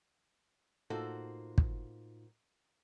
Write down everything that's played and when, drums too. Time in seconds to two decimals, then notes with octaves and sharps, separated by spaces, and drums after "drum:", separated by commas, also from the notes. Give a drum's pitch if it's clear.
0.90 A2 A#3 D#4 F4 F#4 A4 C5
1.58 drum: kick